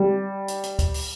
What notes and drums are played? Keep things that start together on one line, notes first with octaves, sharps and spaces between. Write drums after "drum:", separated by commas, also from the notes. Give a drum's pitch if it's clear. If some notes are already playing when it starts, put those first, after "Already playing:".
Already playing: G3
drum: hi-hat
drum: hi-hat
drum: kick, hi-hat
drum: open hi-hat